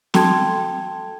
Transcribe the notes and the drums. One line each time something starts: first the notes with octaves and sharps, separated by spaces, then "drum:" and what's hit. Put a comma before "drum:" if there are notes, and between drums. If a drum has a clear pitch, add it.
F#4 A4 G5 A5 C6 G#6, drum: snare